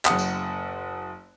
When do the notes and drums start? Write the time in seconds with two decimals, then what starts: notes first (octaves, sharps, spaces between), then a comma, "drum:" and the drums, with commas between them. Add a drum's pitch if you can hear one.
0.05 F#1 F#5 D#6, drum: clap
0.19 drum: tambourine